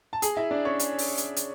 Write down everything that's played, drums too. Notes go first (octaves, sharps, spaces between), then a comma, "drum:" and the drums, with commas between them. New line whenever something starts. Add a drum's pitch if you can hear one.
A5
G#4 G#5, drum: hi-hat
E4 E5
D4 D5
C#4 C#5
drum: hi-hat
drum: open hi-hat
drum: hi-hat
drum: hi-hat